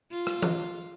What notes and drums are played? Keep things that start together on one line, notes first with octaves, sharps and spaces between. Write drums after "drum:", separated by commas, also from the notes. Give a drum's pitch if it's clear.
F4
drum: rim click
drum: tom E3